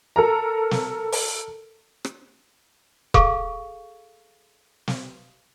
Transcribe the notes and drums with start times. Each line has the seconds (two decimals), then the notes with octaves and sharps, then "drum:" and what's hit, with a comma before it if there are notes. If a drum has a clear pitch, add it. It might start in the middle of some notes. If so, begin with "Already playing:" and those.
0.16 A4 A#4 A#5
0.71 drum: snare
1.12 drum: open hi-hat
2.05 drum: rim click
3.14 G#4 A4 F5 C#6, drum: kick E1
4.88 drum: snare